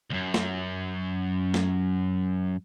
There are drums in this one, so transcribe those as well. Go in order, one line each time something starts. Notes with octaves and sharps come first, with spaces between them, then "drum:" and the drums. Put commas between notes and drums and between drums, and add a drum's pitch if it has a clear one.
C#2 F#2
drum: snare
drum: snare